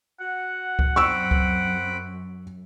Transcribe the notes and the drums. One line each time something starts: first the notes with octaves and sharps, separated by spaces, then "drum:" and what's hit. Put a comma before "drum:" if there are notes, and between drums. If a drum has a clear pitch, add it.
F#4 F#5
drum: kick C#2
F#2 C4 G5 B5 C#6 E6
drum: kick C#2